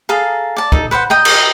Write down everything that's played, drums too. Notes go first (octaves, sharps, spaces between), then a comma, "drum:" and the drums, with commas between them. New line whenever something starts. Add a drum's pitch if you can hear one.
G#4 A4 F5 A#5
D5 A5
D#4 A4, drum: kick
B4 C5 D5 F#5
D#5 G5 A#5
drum: cymbal